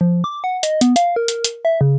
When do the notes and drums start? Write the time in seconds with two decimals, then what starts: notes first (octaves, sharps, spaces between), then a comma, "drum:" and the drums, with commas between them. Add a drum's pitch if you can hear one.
0.01 F3
0.24 D6
0.44 F#5
0.63 D#5, drum: hi-hat
0.81 B3, drum: hi-hat
0.96 F5, drum: hi-hat
1.16 A#4
1.28 drum: hi-hat
1.44 drum: hi-hat
1.65 E5
1.81 C#3